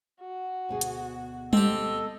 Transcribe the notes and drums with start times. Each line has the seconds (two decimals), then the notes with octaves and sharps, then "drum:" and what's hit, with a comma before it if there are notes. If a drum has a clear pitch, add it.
0.20 F#4
0.69 D2 B2 G#4
0.81 drum: hi-hat
1.53 C4 G4 A4 D#5, drum: tom G3